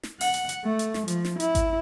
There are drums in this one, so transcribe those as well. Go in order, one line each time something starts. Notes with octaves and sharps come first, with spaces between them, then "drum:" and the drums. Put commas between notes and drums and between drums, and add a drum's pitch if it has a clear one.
drum: snare
F#5, drum: open hi-hat
drum: hi-hat
drum: hi-hat
A3
drum: hi-hat
drum: snare
F3, drum: hi-hat
drum: snare
E4, drum: hi-hat
drum: kick G#1, hi-hat